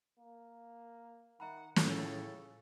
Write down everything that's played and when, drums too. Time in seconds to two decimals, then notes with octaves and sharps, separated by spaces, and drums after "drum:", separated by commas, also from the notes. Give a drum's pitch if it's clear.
0.19 A#3
1.40 D#3 E5 F#5 A#5 B5
1.76 A2 C#3 F4 A4 D#6, drum: snare